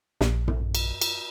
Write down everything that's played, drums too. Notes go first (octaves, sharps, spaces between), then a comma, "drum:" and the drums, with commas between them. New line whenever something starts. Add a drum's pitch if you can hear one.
A#1, drum: snare
drum: tom
drum: cymbal
drum: cymbal